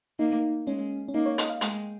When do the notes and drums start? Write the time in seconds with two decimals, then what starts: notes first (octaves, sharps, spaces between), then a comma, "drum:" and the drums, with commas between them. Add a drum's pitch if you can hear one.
0.19 A#3 D#4
0.67 G#3 C#4
1.08 C#4
1.14 A#3 D#4
1.26 C#5
1.38 D#5, drum: hi-hat
1.50 F5
1.61 G#3 G5, drum: hi-hat